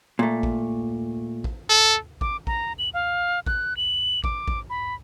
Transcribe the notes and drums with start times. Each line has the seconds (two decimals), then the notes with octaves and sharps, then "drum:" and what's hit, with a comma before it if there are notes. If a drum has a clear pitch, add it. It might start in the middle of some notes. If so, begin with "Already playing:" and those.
0.19 A#2 A3
0.43 drum: kick A1
1.44 drum: kick A1
1.70 A4
2.21 D6, drum: kick A1
2.47 A#5, drum: kick A1
2.79 F#7
2.94 F5
3.46 F#6, drum: kick A1
3.77 F#7
4.24 D6, drum: kick A1
4.48 drum: kick A1
4.70 B5